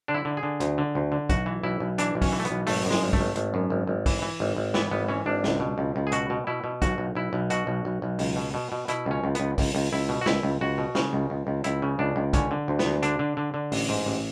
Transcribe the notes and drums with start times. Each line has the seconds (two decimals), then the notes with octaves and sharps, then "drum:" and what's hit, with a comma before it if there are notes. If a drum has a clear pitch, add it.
0.08 D3 D4
0.14 E4
0.25 D3
0.37 G#4
0.43 D3
0.60 D2, drum: hi-hat
0.78 D3
0.95 D2
1.12 D3
1.29 B1 F#4, drum: kick, hi-hat
1.46 E3
1.63 B1 E4
1.80 B1
1.98 E3 D4, drum: hi-hat
2.15 B1
2.22 C#4, drum: kick, open hi-hat
2.32 E3
2.40 A3
2.45 B3, drum: hi-hat
2.51 B1
2.67 G#1 A3, drum: open hi-hat
2.85 F#2
2.90 G#3, drum: snare
3.02 G#1
3.13 A3, drum: kick
3.19 G#1
3.36 G#1, drum: hi-hat
3.54 F#2
3.70 G#1
3.87 G#1
4.06 E3, drum: kick, open hi-hat
4.22 E3
4.40 G#1
4.56 G#1
4.74 E3 B3, drum: snare
4.91 G#1 B3
5.08 E3 C#4
5.26 G#1 D4
5.44 C#2, drum: snare
5.60 B2
5.78 C#2
5.96 C#2
6.07 G#4
6.12 B2 F#4, drum: hi-hat
6.30 B2
6.47 B2 E4
6.64 B2
6.82 B1 F#4, drum: kick, hi-hat
6.98 B1
7.15 B1 E4
7.33 B1
7.50 B2 F#4, drum: hi-hat
7.67 B1
7.85 B1
8.02 B1
8.19 C#2, drum: open hi-hat
8.36 B2
8.54 B2
8.72 B2
8.88 B2 E4, drum: hi-hat
9.06 C#2 C#4
9.24 C#2
9.35 C#2 B3, drum: hi-hat
9.58 C#2, drum: kick, open hi-hat
9.75 C#2
9.93 C#2 E4
10.09 B2
10.21 F#4
10.26 C#2 E4, drum: snare
10.43 C#2
10.61 C#2 F#4
10.78 B2
10.95 C#3, drum: snare
11.13 C#2
11.30 C#2
11.47 C#2
11.64 C#2 E4, drum: hi-hat
11.82 C#3
11.99 C#2 D4
12.16 C#2
12.33 D3 C#4, drum: kick, hi-hat
12.51 D3
12.68 D2
12.79 B3, drum: snare
12.85 D2
13.03 D3 D4, drum: hi-hat
13.19 D3
13.37 D3
13.54 D3
13.72 A1, drum: open hi-hat
13.89 G#2
14.06 A1